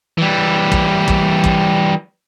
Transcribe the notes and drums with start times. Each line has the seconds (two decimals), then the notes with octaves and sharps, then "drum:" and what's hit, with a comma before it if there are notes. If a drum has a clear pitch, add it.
0.18 E3 G3
0.72 drum: kick
1.08 drum: kick
1.44 drum: kick